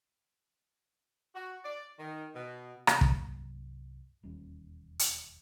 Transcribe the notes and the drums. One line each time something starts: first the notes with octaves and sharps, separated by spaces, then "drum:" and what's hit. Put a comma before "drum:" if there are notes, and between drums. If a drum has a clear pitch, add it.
F#4
D5
D#3
B2
drum: rim click
C2 G2 F#3 A#3, drum: kick
E1 D#2 G3 C#4
drum: hi-hat